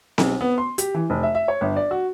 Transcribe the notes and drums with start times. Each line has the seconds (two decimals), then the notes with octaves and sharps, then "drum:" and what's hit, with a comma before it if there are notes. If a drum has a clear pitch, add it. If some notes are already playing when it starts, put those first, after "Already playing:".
0.18 B1, drum: snare C4
0.41 B3
0.58 C6
0.78 G4, drum: hi-hat
0.94 E3
1.10 F1
1.23 E5
1.35 E5
1.48 C#5
1.61 G1
1.76 D5
1.91 F#4